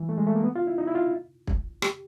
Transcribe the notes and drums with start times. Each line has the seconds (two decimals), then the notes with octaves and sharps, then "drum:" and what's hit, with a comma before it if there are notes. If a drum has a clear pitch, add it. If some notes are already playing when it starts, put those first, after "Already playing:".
Already playing: E3
0.09 A3
0.18 G#3
0.27 A3
0.35 A#3
0.43 B3
0.56 F4
0.67 E4
0.78 D#4
0.87 E4
0.95 F4
1.47 drum: kick
1.82 G4, drum: rim click